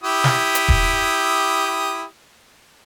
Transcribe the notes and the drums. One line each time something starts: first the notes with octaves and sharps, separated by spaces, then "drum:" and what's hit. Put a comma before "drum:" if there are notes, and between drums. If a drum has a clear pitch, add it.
E4 G4 D#6
drum: snare
drum: hi-hat
drum: kick D#1